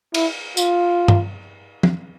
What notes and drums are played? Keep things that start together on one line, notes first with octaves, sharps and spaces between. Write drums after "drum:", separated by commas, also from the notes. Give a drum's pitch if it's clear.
E4, drum: cymbal
F4, drum: tambourine
drum: tom
drum: tom